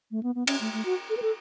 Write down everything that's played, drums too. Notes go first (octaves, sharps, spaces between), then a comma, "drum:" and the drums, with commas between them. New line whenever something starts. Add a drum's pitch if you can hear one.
A3
B3
B3
C#4, drum: cymbal
A3
A3
F#4
A4
B4
A4